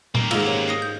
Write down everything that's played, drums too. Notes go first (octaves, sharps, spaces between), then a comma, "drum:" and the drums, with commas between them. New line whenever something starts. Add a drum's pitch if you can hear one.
D#3 A#3, drum: tom
G#2 D#4 F4 E6, drum: cymbal
G4 A#4 C#5
D#6 A#6 C7
G6